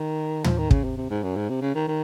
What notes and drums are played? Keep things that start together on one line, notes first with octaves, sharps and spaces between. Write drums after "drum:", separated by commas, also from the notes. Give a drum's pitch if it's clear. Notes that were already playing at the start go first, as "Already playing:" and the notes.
Already playing: D#3
F3, drum: tom
D#3
C#3, drum: kick
C3
C3
G#2
F#2
G#2
C3
C#3
D#3
D#3